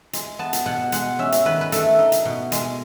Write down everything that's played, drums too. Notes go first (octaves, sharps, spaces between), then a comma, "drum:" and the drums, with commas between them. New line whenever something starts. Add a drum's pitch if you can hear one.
G#3, drum: hi-hat
B3 A5
drum: hi-hat
B2 F#5
G#3 F#5, drum: hi-hat
C#4 E5
drum: hi-hat
D#3 B4
B4
A3 A4, drum: hi-hat
D#4
drum: hi-hat
B2
G#3, drum: hi-hat